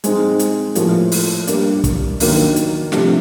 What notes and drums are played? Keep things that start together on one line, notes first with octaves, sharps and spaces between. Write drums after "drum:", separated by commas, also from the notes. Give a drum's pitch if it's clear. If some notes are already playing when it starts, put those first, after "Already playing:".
G#3 C4 D#4, drum: hi-hat
drum: hi-hat
A2 F3 A#3, drum: hi-hat
drum: open hi-hat
G3 A#3 D4, drum: hi-hat
drum: kick, hi-hat
D#3 F#3 A#3 D4, drum: open hi-hat
drum: hi-hat
C3 F3 A3 D4, drum: snare